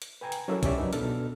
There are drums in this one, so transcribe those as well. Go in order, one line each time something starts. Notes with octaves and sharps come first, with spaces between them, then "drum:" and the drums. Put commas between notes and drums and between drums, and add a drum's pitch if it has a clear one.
drum: hi-hat
B4 G5 G#5 A#5
drum: hi-hat
F#3 C#4 E4 A4 A#4 E5
G2 C#4 G4 D5 E5, drum: kick, hi-hat
F#3 D4 D#4 A#4 B4
B2 D4 A4 F6, drum: hi-hat